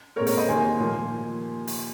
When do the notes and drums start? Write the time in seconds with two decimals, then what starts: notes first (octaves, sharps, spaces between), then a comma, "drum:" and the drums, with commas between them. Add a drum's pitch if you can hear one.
0.16 A#2 G#3 C4 A#4 C#5
0.27 A#4 C#5, drum: open hi-hat
0.37 C5 D#5
0.47 D#2 D#3 A#3 G#5 C6
0.79 A#2 F3 A#3
1.67 drum: open hi-hat